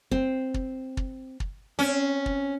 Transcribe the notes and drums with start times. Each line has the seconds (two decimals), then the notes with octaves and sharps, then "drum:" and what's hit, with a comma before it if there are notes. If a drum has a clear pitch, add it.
0.11 C4, drum: kick
0.54 drum: kick
0.97 drum: kick
1.40 drum: kick
1.79 C4 C#4
2.26 drum: kick